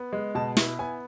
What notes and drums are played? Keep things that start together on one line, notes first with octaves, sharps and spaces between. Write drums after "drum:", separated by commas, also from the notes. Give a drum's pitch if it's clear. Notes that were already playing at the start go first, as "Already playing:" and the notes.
Already playing: B3
G#3
B2 A5
E4, drum: snare
B3 G#5